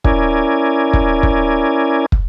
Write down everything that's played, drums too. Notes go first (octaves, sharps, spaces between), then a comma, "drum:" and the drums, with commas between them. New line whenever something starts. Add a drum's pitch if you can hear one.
C#4 E4 A#4 D5 G#5, drum: kick
drum: kick
drum: kick
drum: kick